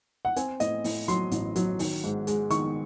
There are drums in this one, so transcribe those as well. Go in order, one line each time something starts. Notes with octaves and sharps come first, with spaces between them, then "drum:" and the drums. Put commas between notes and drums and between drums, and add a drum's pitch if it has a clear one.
F#5
C4 G#5, drum: hi-hat
A2 D#5, drum: hi-hat
A2, drum: open hi-hat
F#3 C6, drum: hi-hat
A1, drum: hi-hat
F#3, drum: hi-hat
D#3, drum: open hi-hat
G#2
G#3, drum: hi-hat
D#3 C#6, drum: hi-hat